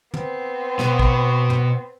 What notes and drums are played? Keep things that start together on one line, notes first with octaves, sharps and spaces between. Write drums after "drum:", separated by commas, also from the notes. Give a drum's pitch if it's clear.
B3 C4, drum: tom
B2, drum: snare
drum: kick
drum: tom